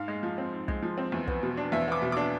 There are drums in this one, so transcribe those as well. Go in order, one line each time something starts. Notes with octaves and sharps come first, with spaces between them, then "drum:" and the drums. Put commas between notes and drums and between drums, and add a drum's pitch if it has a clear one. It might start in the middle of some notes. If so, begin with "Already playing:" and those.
Already playing: G#2 F5
G#3
F3
C4
G#2
G#3, drum: kick
F3
C4
E2
B3, drum: kick
B2
D4
E2 E5
B3 D6
B2
D4 D6